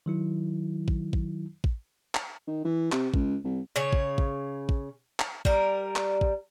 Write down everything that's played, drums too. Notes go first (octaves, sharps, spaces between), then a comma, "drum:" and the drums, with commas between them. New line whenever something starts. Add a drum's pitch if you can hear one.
D#3 F#3 E4
drum: kick
drum: kick
drum: kick
drum: clap
D#3
E3
C3, drum: clap
C#2, drum: kick
C2
C#3 C#5
drum: kick
drum: kick
drum: kick
drum: clap
G3 A#4, drum: kick
drum: clap
drum: kick